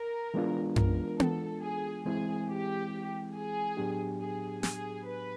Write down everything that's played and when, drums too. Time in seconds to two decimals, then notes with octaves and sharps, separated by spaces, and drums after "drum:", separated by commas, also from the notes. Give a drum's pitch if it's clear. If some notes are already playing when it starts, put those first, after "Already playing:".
Already playing: A#4
0.34 E3 G#3 B3 D4 F4
0.76 A#4, drum: tom F#2
1.20 A4, drum: tom B3
1.62 G#4
2.05 E3 G#3 C4 E4 G#4
2.49 G4
3.34 G#4
3.77 A2 F#3 B3 D4 G4
4.20 G#4
4.63 G#4, drum: snare
5.06 B4